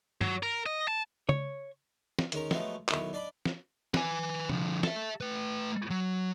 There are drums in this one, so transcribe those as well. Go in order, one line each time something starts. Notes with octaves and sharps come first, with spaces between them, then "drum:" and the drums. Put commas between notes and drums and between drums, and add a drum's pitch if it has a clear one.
F#3, drum: tom G2
A#4
D#5
A5
C#5, drum: tom C#3
drum: snare
D#3 G#3 C#4 A#4, drum: hi-hat
F3 F#3 G#3 A3 B3, drum: snare
B1 D#3 E4 C#5, drum: clap
D4 D5 D#5 B5
drum: snare
B4 G#5, drum: snare
D3 F3, drum: tom C3
A4 E5, drum: snare
A3 B4
F#3